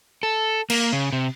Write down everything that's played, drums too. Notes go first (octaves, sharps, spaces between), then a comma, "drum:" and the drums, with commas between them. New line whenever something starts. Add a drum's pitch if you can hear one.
A4
A#3, drum: cymbal
C#3
C3